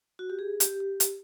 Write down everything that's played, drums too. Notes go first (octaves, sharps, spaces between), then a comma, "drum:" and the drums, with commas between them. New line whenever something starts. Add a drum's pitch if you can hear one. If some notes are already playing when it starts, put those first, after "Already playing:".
F#4
G4
G#4
G4, drum: hi-hat
G4
drum: hi-hat